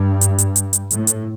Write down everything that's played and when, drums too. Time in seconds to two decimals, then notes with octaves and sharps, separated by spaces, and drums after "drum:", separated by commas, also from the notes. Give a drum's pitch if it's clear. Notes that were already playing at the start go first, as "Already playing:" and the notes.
Already playing: G2
0.21 drum: hi-hat
0.39 drum: hi-hat
0.56 drum: hi-hat
0.73 drum: hi-hat
0.91 A2, drum: hi-hat
1.07 drum: hi-hat